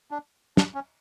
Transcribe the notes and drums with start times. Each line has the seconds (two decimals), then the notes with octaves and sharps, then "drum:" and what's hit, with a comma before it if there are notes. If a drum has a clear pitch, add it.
0.11 D4
0.57 D4, drum: snare
0.75 C#4